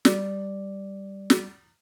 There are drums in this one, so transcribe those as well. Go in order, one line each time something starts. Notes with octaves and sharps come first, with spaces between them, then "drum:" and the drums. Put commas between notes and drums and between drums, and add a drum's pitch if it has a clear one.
G3 D5, drum: snare
drum: snare